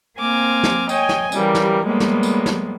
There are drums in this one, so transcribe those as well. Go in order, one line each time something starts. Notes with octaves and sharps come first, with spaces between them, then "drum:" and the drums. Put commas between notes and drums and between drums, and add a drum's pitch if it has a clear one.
A#3 C4 G#5 D6 F6
drum: snare
C#5 D#5 G5 G#5, drum: tambourine
drum: snare
C#3 E3 G3 G4 A#4, drum: tambourine
drum: snare
A2 G3 G#3 A#3 B3
drum: snare
drum: tambourine
drum: snare